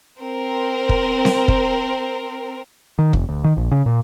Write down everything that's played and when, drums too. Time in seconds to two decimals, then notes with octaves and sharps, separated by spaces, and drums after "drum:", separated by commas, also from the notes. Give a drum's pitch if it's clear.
0.20 C4 A#4
0.89 drum: kick
1.25 drum: snare C4
1.48 drum: kick
2.99 D#3
3.13 F1, drum: kick
3.29 D2
3.44 D#3
3.57 A#1
3.71 C#3
3.86 A#2